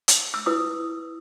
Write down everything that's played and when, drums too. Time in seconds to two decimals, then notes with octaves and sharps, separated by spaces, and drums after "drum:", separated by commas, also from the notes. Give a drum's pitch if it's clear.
0.08 drum: hi-hat
0.34 E6
0.46 E4 B4 D#6